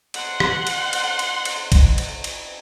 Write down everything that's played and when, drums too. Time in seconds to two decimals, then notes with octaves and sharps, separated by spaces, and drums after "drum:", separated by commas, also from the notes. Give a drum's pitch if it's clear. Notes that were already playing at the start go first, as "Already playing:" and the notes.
0.14 F#5 C6, drum: cymbal
0.40 drum: rim click
0.67 drum: cymbal
0.93 drum: cymbal
1.19 drum: cymbal
1.45 drum: cymbal
1.72 drum: kick A1, cymbal
1.98 drum: cymbal
2.24 drum: cymbal